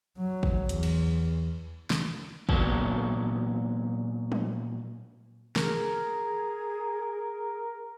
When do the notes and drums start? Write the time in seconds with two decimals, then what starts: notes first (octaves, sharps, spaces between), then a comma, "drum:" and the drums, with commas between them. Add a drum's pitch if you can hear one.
0.18 F#3
0.43 drum: kick
0.69 E2, drum: hi-hat
0.83 drum: cymbal
1.90 drum: snare
2.49 A#2 F#3 B3 C#4 A5, drum: kick
4.32 drum: tom
5.56 G#4 A#4, drum: snare